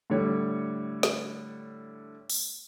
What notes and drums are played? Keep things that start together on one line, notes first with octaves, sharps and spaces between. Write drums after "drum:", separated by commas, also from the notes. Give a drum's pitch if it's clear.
A2 D3 G3 C#5
drum: snare
drum: open hi-hat